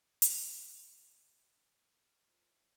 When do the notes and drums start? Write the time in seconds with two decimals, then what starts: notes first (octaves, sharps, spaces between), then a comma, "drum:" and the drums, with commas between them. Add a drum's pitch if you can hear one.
0.22 drum: hi-hat
2.05 F6 G#6 A6
2.27 D#4 F4 A#4 C5
2.50 C#5 E5